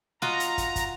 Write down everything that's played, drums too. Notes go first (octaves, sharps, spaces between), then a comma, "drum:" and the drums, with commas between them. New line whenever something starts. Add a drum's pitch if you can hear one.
F4 F#4 D#5 A#5, drum: snare
drum: hi-hat
drum: kick, hi-hat
drum: kick, hi-hat